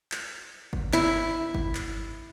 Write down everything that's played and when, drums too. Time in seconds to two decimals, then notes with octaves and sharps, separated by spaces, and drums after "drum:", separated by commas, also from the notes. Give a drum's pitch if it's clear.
0.12 drum: clap
0.73 drum: kick G1
0.93 E4, drum: clap
1.54 drum: kick G1
1.75 drum: clap